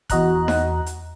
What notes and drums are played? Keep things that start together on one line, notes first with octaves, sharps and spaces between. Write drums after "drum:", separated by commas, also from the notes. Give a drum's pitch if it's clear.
E2 F#4 D#5 A#5 F#6, drum: kick F1, hi-hat
drum: snare D#4
drum: hi-hat